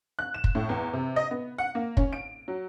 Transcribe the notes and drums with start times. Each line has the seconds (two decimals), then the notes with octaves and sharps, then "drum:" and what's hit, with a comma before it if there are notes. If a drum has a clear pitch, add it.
0.19 F#6
0.34 E7
0.44 drum: kick
0.55 A2
0.69 E2
0.93 C3
1.16 D#5
1.31 B3
1.58 F#5
1.75 A#3
1.97 C#4, drum: kick
2.13 D7
2.48 F#3